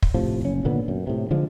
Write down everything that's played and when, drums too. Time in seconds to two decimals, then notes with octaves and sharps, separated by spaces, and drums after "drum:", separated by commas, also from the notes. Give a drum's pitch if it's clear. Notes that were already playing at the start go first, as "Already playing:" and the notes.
0.02 drum: kick
0.14 A2 C3 F3
0.41 F#1 C#4
0.64 G#1 A#2 D3 B3
0.88 F#2
1.07 A2 C3
1.31 D3 F3 G#3